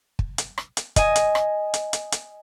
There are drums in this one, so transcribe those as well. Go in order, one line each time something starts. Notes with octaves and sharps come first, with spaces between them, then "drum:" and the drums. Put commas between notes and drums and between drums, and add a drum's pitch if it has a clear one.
drum: kick
drum: hi-hat
drum: rim click
drum: hi-hat
D#5 G#5, drum: kick, hi-hat
drum: hi-hat
drum: rim click
drum: hi-hat
drum: hi-hat
drum: hi-hat